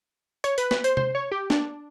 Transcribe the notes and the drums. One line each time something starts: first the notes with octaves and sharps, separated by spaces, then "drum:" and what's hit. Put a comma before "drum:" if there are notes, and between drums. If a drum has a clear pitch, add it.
C#5, drum: hi-hat
B4, drum: hi-hat
B4, drum: snare
C5, drum: hi-hat
C5, drum: tom C3
C#5
G4
D4, drum: snare